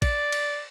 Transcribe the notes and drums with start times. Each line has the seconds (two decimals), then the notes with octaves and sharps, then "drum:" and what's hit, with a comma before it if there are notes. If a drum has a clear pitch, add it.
0.02 D5, drum: kick, cymbal
0.32 drum: cymbal